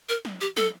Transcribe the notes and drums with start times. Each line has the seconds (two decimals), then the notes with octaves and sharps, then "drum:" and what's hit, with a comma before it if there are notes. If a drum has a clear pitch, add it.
0.09 A#4
0.25 drum: snare
0.41 G4
0.57 A4, drum: snare